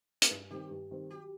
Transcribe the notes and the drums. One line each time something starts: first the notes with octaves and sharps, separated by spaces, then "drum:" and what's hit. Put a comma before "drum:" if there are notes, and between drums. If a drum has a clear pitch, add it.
G4, drum: hi-hat
G2 G#4
D#3 G3 C4 G4
G2
D#3 G3 C4
F#3 G4